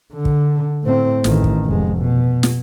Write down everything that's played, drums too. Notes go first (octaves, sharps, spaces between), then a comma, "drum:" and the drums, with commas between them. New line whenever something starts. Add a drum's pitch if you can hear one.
D3
drum: kick
A2 C4
A1 D#3, drum: snare
drum: kick
F1 G#3
B2
drum: snare